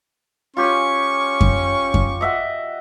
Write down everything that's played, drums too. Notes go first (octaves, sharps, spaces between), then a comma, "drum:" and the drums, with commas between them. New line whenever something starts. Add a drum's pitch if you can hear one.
C#4 F4 G4 G#5 C#6
drum: kick F#2
drum: kick F#2
D#5 E5 F#5